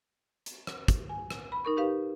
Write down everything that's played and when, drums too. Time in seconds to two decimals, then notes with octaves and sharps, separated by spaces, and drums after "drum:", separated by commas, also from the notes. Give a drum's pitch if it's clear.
0.46 drum: hi-hat
0.67 drum: rim click
0.88 drum: kick, hi-hat
1.09 G#5
1.30 drum: rim click
1.52 B5
1.65 D#4 A#4 C#6
1.77 D#4 G4 B4 F5